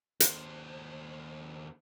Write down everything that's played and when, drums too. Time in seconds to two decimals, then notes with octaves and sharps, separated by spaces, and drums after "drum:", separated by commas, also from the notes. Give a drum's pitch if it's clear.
0.20 D#2 C5, drum: hi-hat